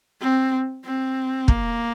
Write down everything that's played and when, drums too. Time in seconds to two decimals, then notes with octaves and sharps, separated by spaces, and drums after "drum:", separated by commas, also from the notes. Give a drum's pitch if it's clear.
0.21 C4
0.85 C4
1.48 A#3, drum: kick